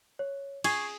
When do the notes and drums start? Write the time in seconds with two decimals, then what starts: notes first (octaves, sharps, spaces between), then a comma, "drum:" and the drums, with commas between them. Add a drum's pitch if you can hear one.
0.19 C#5
0.64 G#4 C#6 G#6 C7, drum: cymbal